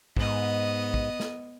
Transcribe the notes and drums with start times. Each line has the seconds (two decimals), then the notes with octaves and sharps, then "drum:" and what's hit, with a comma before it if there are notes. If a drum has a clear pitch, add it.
0.17 G#2 B3 D#5, drum: kick
0.94 drum: kick
1.20 drum: snare